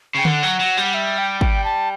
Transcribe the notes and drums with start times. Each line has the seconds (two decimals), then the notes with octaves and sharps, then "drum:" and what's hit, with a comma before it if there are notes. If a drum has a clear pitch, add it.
0.15 C#3 G5
0.25 D3 F#5, drum: tom D3
0.43 F#3
0.60 F#3
0.77 G3
0.94 E5
1.18 G5
1.41 G5, drum: kick G#1
1.64 A5